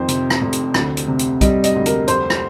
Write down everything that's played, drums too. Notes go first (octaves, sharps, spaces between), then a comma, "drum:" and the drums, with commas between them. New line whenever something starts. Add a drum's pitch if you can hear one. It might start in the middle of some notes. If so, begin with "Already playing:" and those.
Already playing: F2 D#3 C5
C3, drum: hi-hat
drum: rim click
F1
drum: hi-hat
D2, drum: rim click
drum: hi-hat
C3
drum: hi-hat
G3 D#5, drum: kick B1, hi-hat
D#5, drum: hi-hat
D2
A#4, drum: hi-hat
F1 C5, drum: hi-hat
drum: rim click